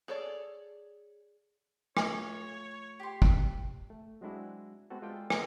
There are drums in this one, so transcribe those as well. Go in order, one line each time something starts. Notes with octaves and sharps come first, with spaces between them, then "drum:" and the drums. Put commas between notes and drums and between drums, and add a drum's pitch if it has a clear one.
G#4 A4 C#5 D5
A3 F4 C#5, drum: rim click
G4 C6
drum: kick
A3
F#3 G#3 C4 D4 E4 F#4
G#3 B3 C4 F#4 A4
G#3 F4 G4 A4 D5 G5
drum: rim click